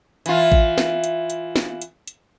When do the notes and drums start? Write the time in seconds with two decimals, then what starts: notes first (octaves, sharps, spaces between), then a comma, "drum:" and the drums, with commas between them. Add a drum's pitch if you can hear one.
0.26 E3 F4, drum: hi-hat
0.52 drum: kick A1
0.78 drum: snare
1.04 drum: hi-hat
1.30 drum: hi-hat
1.56 drum: snare
1.82 drum: hi-hat
2.08 drum: hi-hat